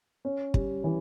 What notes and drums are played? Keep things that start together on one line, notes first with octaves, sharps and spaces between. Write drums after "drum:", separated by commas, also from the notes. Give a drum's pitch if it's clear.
C#4
G3, drum: kick
E3